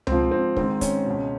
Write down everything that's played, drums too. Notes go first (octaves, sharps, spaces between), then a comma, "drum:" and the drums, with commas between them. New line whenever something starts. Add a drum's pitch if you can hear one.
G#2 F3 C4, drum: tom C#2
C4
G#2 D#3 C4, drum: kick
C#4, drum: kick, hi-hat
C#2 B2